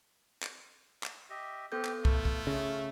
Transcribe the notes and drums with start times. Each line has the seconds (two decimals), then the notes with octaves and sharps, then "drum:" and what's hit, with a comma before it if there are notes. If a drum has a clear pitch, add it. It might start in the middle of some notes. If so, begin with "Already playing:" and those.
0.42 drum: clap
1.03 drum: clap
1.30 G4 D#5 E5
1.72 B3 C4 G4 A4 G6
1.85 drum: clap
2.05 A3 E4 F4, drum: kick
2.25 drum: kick
2.47 C#3 E5